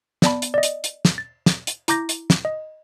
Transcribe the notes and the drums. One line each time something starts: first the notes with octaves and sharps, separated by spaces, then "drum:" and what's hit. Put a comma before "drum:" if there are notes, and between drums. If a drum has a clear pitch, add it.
B3 D5 A5 B5, drum: snare
drum: hi-hat
D5 D#5
drum: hi-hat
drum: hi-hat
drum: snare
A6
drum: snare
drum: hi-hat
E4 A#5 D6 G6 A#6, drum: hi-hat
drum: hi-hat
drum: snare
D#5